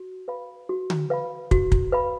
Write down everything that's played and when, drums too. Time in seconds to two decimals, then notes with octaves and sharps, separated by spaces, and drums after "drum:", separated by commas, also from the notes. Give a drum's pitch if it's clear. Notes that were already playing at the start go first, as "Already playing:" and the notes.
Already playing: F#4
0.28 B4 F5 B5
0.69 F#4
0.90 drum: tom D3
1.10 B4 F5 B5
1.51 F#4, drum: kick
1.72 drum: kick
1.92 B4 F5 B5